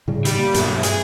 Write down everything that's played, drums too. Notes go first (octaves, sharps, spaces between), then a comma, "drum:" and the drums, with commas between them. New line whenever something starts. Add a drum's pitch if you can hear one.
A2 C#3 G3
D#3 G3, drum: hi-hat
A#3
B1 G2 B2 F#3 A3, drum: hi-hat
G#4, drum: hi-hat